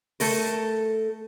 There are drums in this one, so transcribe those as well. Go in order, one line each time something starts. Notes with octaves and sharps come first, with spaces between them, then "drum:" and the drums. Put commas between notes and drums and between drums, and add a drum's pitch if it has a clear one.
A3 A4 A#4, drum: open hi-hat